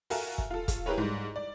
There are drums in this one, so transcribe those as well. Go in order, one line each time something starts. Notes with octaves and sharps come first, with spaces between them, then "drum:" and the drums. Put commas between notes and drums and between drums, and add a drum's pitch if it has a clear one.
F#4 A4 A#4 E5 F5 G#5, drum: open hi-hat
drum: kick
F4 A4
drum: kick, hi-hat
E4 G4 G#4 A#4 B4 C#5
G#2 G3
D5